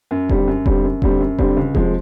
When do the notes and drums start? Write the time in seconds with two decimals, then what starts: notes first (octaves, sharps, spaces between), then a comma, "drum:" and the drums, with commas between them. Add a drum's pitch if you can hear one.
0.11 F#2
0.29 D3 G3 C4, drum: kick E1
0.48 F#2
0.66 D3 G3 C4, drum: kick E1
0.84 F#2
1.02 D3 G3 C4, drum: kick E1
1.20 F#2
1.38 D3 G3 C4, drum: kick E1
1.57 C#2
1.75 C3 F3 G#3, drum: kick E1